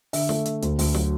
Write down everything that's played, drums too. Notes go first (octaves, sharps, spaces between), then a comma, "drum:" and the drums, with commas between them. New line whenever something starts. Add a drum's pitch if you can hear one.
D3 E5, drum: open hi-hat
A3, drum: snare
D3, drum: hi-hat
D2, drum: hi-hat
D2, drum: open hi-hat
F#3, drum: snare